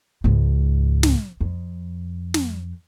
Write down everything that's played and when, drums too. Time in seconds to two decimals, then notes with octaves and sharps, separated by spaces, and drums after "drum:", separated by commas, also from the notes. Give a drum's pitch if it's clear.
0.24 C#2 G#2
1.03 drum: snare
1.41 F2
2.34 drum: snare